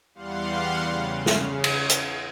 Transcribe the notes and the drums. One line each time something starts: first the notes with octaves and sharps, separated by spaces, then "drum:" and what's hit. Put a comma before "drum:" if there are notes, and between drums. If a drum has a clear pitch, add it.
E2 G3 F5 F#5 C6
C#3
drum: snare
drum: cymbal
drum: hi-hat